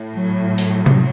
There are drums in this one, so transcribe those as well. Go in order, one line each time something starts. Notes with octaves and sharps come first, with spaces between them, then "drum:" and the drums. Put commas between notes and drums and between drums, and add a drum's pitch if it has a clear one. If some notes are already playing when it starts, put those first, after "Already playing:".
Already playing: A2
F#3
drum: open hi-hat
drum: tom C3